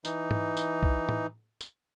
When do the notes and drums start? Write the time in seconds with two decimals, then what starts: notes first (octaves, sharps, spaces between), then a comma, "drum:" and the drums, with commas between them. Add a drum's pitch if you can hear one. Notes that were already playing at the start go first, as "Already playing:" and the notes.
0.05 E3 D#4, drum: tambourine
0.31 drum: tom
0.57 drum: tambourine
0.83 drum: kick
1.09 drum: tom A2
1.61 drum: tambourine